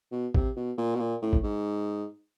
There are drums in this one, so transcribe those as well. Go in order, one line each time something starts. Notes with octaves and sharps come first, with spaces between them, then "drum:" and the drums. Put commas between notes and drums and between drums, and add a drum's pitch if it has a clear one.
B2
C3, drum: kick A1
B2
A#2
B2
A#2
A2
drum: kick A1
G#2